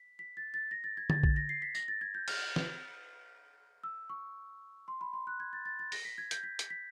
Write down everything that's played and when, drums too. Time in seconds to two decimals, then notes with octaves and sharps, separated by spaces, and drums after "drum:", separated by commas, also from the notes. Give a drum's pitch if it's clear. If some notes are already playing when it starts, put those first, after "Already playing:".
Already playing: B6
0.19 B6
0.37 A6
0.54 A6
0.71 A#6
0.84 A6
0.97 G#6
1.10 A6, drum: tom D3
1.23 A6, drum: kick A#1
1.36 A#6
1.49 C7
1.62 B6
1.75 A#6, drum: tambourine
1.88 A6
2.01 G#6
2.15 G6
2.28 F6, drum: cymbal
2.56 drum: snare
3.83 E6
4.10 C#6
4.88 C6
5.01 B5
5.13 C6
5.27 F#6
5.40 G#6
5.53 A6
5.65 A6
5.79 A6
5.92 A#6, drum: open hi-hat
6.05 B6
6.18 G#6
6.31 G6, drum: hi-hat
6.43 B6
6.59 drum: hi-hat
6.70 B6